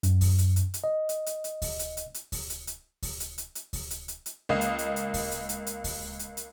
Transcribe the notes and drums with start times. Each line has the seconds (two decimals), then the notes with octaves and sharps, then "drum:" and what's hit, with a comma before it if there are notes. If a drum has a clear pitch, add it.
0.03 F#2, drum: hi-hat
0.21 drum: kick D2, open hi-hat
0.38 drum: hi-hat
0.56 drum: hi-hat
0.74 drum: hi-hat
0.84 D#5
1.09 drum: hi-hat
1.26 drum: hi-hat
1.44 drum: hi-hat
1.62 drum: kick D2, open hi-hat
1.79 drum: hi-hat
1.97 drum: hi-hat
2.14 drum: hi-hat
2.32 drum: kick D2, open hi-hat
2.50 drum: hi-hat
2.67 drum: hi-hat
3.02 drum: kick D2, open hi-hat
3.20 drum: hi-hat
3.38 drum: hi-hat
3.55 drum: hi-hat
3.73 drum: kick D2, open hi-hat
3.90 drum: hi-hat
4.08 drum: hi-hat
4.26 drum: hi-hat
4.49 C#2 A#3 D#5 F5 C7
4.61 drum: hi-hat
4.79 drum: hi-hat
4.96 drum: hi-hat
5.14 drum: kick D2, open hi-hat
5.31 drum: hi-hat
5.49 drum: hi-hat
5.67 drum: hi-hat
5.84 drum: kick D2, open hi-hat
6.19 drum: hi-hat
6.37 drum: hi-hat